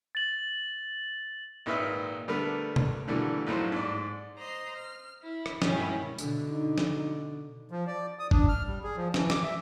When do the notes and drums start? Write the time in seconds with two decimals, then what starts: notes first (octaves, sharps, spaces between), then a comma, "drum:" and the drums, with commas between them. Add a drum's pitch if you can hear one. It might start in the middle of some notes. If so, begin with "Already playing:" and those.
0.15 A6 F#7
1.66 G#1 A#2 D#4 B4 E5 F6
2.28 D3 G3 A3 B3 A#4 B4
2.76 drum: tom B2
3.07 A#2 D3 E3 G3 A3 F#4
3.47 A#1 A2 F#3 D#4 C5
3.72 G#2 D5
4.36 C5 D#5 A#5 C6
4.76 F6
5.22 E4
5.46 drum: rim click
5.62 G2 B2 D#3 G#3 C#4 E4, drum: snare
6.18 B2 D3, drum: tambourine
6.51 D#4
6.78 drum: snare
7.71 F3
7.87 D5
8.19 D#6
8.31 D4, drum: kick
8.49 F6
8.67 G3
8.84 G#4
8.97 F3
9.14 E3, drum: snare
9.30 D6, drum: snare
9.43 E5